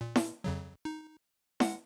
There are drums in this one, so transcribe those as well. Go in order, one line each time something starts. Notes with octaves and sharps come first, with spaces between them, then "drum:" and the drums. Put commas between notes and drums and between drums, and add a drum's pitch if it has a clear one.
A#2
drum: snare E4
F2 C#3 F#3
D#4
G#3 F#5, drum: snare E4